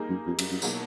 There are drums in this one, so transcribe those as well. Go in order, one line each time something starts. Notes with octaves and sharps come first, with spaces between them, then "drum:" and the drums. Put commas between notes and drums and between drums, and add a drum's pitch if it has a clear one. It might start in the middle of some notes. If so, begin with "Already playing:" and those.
Already playing: G3 A#3 D#4 G#4
F#2
F2
F#2, drum: cymbal
F#2
B2 F#3 A#3 D#4, drum: tambourine